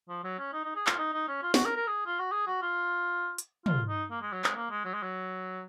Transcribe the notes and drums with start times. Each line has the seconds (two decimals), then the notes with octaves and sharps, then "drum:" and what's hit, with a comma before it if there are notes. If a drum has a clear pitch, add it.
0.09 F3
0.24 F#3
0.39 C#4
0.53 D#4
0.65 D#4
0.76 G#4
0.87 F4, drum: clap
0.98 D#4
1.14 D#4
1.28 C#4
1.43 F4
1.54 F#4, drum: snare
1.65 A#4
1.76 A#4
1.87 G#4
2.06 F4
2.19 F#4
2.32 G#4
2.47 F#4
2.62 F4
3.38 drum: hi-hat
3.66 F4, drum: tom
3.88 D#4
4.11 A#3
4.22 G#3
4.33 F#3
4.44 G#3, drum: clap
4.55 A#3
4.70 G#3
4.85 F#3
4.94 G#3
5.03 F#3